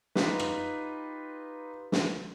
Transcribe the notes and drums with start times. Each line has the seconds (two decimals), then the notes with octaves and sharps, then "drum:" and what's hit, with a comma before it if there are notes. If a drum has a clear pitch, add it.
0.15 D#4 F4 G4 B4, drum: snare
0.40 drum: rim click
1.92 drum: snare